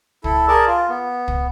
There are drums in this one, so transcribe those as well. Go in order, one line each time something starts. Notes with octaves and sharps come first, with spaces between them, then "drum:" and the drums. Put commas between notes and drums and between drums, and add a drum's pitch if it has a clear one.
E4 A4, drum: kick
G#4 A#4 D5 A5
F4
B3
drum: kick